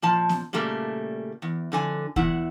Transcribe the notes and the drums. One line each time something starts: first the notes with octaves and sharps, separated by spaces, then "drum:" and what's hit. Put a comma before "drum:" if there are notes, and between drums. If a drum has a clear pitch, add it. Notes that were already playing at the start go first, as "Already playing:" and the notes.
A#2 F3 A5
drum: snare B3
A#2 C#3 G3 A3 A#3
E2
F2 D3 G#5
E2 E4 F#5, drum: kick D#2